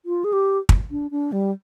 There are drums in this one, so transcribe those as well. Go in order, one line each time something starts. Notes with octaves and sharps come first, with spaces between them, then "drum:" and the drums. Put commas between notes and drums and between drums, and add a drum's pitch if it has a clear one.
F4
G#4
G4
drum: kick
D4
D4
G3